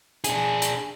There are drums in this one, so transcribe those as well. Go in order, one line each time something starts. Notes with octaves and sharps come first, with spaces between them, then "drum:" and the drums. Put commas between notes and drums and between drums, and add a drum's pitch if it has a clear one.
D4 G#4, drum: hi-hat
drum: hi-hat